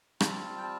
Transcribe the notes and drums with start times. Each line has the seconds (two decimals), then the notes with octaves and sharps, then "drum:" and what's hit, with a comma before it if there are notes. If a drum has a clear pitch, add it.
0.20 G3 C4 F4 A5, drum: rim click
0.57 G5
0.63 A5